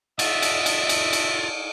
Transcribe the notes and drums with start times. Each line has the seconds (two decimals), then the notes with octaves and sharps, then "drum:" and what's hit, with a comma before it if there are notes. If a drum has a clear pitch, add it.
0.19 F4 F#4 D#5 E5, drum: cymbal
0.42 drum: cymbal
0.66 drum: cymbal
0.89 drum: cymbal
1.13 drum: cymbal